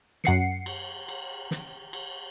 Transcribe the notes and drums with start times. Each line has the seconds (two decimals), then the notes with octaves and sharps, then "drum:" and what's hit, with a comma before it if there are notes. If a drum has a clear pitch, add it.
0.24 F#2 F#5 C7 C#7, drum: snare
0.66 drum: cymbal
1.08 drum: cymbal
1.51 drum: snare
1.93 drum: cymbal